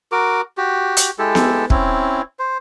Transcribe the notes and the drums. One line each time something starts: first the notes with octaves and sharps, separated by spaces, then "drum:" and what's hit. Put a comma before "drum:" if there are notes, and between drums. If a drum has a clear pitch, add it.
F#4 A#4 D6
F#4 G4
drum: hi-hat
G#3 E4 G4 A4
drum: snare B3
C4 C#4 E4, drum: kick
C5